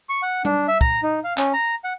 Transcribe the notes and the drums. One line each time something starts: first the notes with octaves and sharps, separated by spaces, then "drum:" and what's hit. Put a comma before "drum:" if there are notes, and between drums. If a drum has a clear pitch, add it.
C#6
F#5
D4, drum: tom G3
E5
A#5, drum: kick
D#4
F5
C#4, drum: clap
A#5
F#5